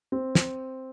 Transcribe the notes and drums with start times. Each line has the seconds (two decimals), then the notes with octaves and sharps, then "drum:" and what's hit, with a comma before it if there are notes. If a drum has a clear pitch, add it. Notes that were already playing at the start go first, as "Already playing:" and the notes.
0.12 C4
0.35 drum: snare